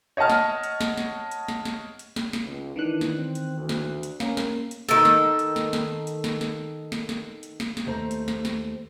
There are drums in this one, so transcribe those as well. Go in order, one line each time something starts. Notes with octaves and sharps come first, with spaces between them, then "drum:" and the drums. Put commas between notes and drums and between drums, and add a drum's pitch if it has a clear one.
C#5 D#5 F#5 A5 F6
drum: snare
drum: hi-hat
drum: snare
drum: snare
drum: hi-hat
drum: snare
drum: snare
drum: hi-hat
drum: snare
drum: snare
C#2
D#3 E3 D4 F#6
drum: snare
C4
drum: hi-hat
D2
drum: snare
drum: hi-hat
A#3 C#4 A#4, drum: snare
drum: snare
drum: hi-hat
D#3 A4, drum: snare
drum: snare
drum: hi-hat
drum: snare
drum: snare
drum: hi-hat
drum: snare
drum: snare
drum: snare
drum: snare
drum: hi-hat
drum: snare
drum: snare
D#2 A3 C5 A#5
drum: hi-hat
drum: snare
drum: snare